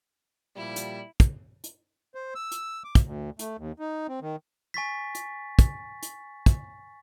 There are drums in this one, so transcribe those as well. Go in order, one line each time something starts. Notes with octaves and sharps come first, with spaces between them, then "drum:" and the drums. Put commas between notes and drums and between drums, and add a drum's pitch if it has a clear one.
A#2 F3 G3 E4
drum: hi-hat
drum: kick, hi-hat
drum: hi-hat
C5
E6
drum: hi-hat
D6
drum: kick, hi-hat
D2
A3, drum: hi-hat
D#2
D#4
C4
D#3
G#5 C#6 A6 B6
drum: hi-hat
drum: kick, hi-hat
drum: hi-hat
drum: kick, hi-hat